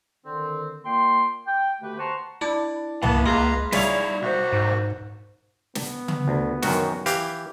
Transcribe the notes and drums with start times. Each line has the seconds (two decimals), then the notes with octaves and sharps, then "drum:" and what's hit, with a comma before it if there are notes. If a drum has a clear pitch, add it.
0.25 D3 D#3 C4
0.84 A#2 A#3 G5 C6
1.46 G5
1.81 B2 D3 A3 G4 B4
1.98 C5 F#5 A5 A#5 C6 C#6
2.41 D4 E4
3.03 E3 A#3 B3 F#5 A5, drum: tom C2
3.26 C#2 G#3 B4 F5 A#5
3.72 G3 D#4 E4 G#4 C#5 E5 F5, drum: snare
4.22 B1 F#4 C5
4.53 G#2
5.75 B3, drum: snare
6.08 drum: tom C#3
6.28 D2
6.62 F#2 D#3 F#4, drum: snare
7.06 E3 G4 F5, drum: hi-hat